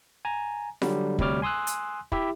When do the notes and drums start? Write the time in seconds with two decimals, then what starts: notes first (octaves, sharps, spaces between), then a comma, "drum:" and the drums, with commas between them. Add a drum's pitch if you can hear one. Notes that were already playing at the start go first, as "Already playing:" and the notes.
0.25 G#5 A#5
0.82 D3 F#3 G3, drum: snare F4
1.19 D2 C3 G3 C#5 D6 F6, drum: kick
1.42 G#5 C6 D#6 E6 F#6
1.67 drum: hi-hat
2.12 E4 G4 E5, drum: kick